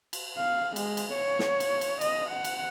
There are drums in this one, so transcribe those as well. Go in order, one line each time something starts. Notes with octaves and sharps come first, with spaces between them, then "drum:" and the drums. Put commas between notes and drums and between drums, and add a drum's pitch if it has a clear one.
drum: cymbal
F5
G#3, drum: cymbal
drum: cymbal
C#5
drum: snare
drum: cymbal
drum: cymbal
D#5, drum: cymbal
F#5
drum: cymbal